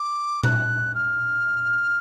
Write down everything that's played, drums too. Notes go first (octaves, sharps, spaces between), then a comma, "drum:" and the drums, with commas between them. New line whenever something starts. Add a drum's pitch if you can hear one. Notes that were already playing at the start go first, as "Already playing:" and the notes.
Already playing: D6
F#6, drum: tom A#2
F6